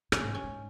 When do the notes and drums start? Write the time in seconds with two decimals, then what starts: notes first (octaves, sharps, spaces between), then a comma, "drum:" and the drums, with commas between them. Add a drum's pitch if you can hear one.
0.12 A#2 C#4, drum: rim click
0.22 G#2
0.33 G2 C#4
0.43 G#2